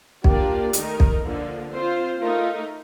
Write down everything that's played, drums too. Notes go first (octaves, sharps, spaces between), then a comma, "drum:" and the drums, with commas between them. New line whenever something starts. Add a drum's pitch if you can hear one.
A#3 D4 F4 G4 A#4 D5, drum: kick B1
D#3 A3 D#4 A#4, drum: hi-hat
drum: kick B1
D3 F3 A#3
C4 F4 C5
A3 D#4 F4 A#4